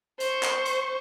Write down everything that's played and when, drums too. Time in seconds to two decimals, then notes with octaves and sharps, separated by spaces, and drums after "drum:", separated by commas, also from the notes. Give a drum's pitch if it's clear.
0.20 C5 C#6, drum: hi-hat
0.43 drum: clap
0.66 drum: hi-hat